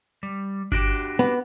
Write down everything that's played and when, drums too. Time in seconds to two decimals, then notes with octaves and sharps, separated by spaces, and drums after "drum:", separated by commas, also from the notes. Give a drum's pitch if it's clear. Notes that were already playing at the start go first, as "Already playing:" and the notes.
0.23 G3
0.72 D4 F#4 G4, drum: kick G1
1.19 B3